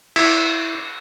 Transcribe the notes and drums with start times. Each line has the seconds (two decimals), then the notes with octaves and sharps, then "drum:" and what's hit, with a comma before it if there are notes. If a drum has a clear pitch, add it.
0.16 E4, drum: cymbal